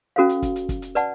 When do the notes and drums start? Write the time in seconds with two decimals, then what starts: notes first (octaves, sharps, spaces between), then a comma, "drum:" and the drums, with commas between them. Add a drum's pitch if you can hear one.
0.16 C#4 F#4 A4 C5 F5
0.29 drum: hi-hat
0.43 drum: kick, hi-hat
0.56 drum: hi-hat
0.69 drum: kick, hi-hat
0.82 drum: hi-hat
0.95 B4 D5 F#5 A5, drum: hi-hat